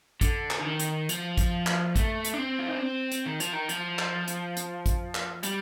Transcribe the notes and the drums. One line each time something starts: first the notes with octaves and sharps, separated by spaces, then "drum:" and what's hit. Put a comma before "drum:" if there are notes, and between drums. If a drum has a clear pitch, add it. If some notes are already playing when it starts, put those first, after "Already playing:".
D3, drum: kick, hi-hat
drum: clap
D3
D#3
drum: hi-hat
F3, drum: hi-hat
drum: kick, hi-hat
drum: clap
A3, drum: kick, hi-hat
drum: hi-hat
D4
C4
F4
D#4
D4
C4
drum: hi-hat
D#3
F3, drum: hi-hat
D#3
F3, drum: hi-hat
drum: clap
drum: hi-hat
drum: hi-hat
drum: kick, hi-hat
drum: clap
G3, drum: hi-hat